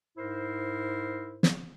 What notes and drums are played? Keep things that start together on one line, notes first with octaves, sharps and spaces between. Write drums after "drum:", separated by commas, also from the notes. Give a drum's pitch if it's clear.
G#2 E4 A#4 C5
drum: snare